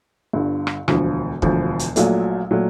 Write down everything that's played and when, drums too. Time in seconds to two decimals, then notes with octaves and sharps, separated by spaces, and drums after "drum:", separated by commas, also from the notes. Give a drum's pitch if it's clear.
0.33 G1 G2 D3
0.67 drum: rim click
0.88 E1 D2 D3 F3, drum: rim click
1.42 E1 D2 D3 F3, drum: kick
1.79 drum: hi-hat
1.96 A#1 A#2 F#3 A3, drum: hi-hat
2.51 A#2 F#3 A3